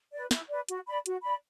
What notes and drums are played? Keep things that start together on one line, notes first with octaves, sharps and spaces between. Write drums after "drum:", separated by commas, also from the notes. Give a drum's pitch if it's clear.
B4 D5
E4, drum: snare
B4 D5
F#4, drum: hi-hat
D5 B5
F#4, drum: hi-hat
D5 B5